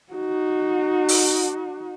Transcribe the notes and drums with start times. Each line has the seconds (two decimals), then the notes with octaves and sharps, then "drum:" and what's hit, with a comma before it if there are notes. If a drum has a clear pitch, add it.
0.13 D#4 F#4
1.09 drum: open hi-hat